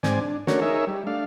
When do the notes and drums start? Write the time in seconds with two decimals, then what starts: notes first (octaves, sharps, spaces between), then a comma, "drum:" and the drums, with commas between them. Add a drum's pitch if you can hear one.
0.03 G#2 C4 D5 G#5, drum: snare
0.21 D4
0.47 A3 C#4 D4 F#4 A#4 C#5, drum: snare
0.61 D#4 G#4 A#4 C#5 E5
0.87 G3
1.07 A3 D4 F5